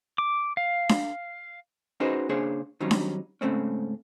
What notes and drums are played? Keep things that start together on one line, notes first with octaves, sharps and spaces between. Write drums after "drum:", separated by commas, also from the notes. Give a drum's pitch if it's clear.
D6
F5
drum: snare D4
C#4 D#4 F#4 G#4 B4 C5
C#3 A#3 D4 G#4 C5 C#5
D#3 F#3 G3 C4 C#4 D#4
drum: snare D4
G#2 C#3 A3 C4 C#4